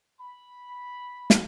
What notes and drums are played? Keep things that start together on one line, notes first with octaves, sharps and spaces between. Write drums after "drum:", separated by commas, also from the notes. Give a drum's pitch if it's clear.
B5
drum: snare